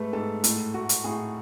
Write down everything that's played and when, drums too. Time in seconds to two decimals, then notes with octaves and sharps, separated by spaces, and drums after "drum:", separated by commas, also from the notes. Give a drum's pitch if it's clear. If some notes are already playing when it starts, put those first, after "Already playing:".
Already playing: G#2 G#3 A3 A4 B4
0.13 G#2 A4
0.44 A2 A4, drum: hi-hat
0.74 A3 F#4
0.89 drum: hi-hat
1.04 A2 G#4